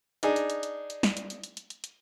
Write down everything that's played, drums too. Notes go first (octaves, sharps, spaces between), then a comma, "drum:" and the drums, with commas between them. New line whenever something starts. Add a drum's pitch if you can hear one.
D4 D#4 G#4, drum: hi-hat
drum: hi-hat
drum: hi-hat
drum: hi-hat
drum: hi-hat
drum: snare
drum: hi-hat
drum: hi-hat
drum: hi-hat
drum: hi-hat
drum: hi-hat
drum: hi-hat